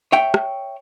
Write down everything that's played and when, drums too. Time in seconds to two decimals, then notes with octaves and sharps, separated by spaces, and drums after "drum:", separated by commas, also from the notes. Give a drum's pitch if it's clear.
0.12 C#5 E5 G5
0.34 drum: rim click